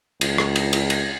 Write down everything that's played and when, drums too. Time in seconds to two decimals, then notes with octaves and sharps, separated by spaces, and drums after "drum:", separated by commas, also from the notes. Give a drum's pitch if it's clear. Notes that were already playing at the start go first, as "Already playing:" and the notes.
0.21 C#2, drum: cymbal
0.38 drum: rim click
0.56 drum: cymbal
0.73 drum: cymbal
0.90 drum: cymbal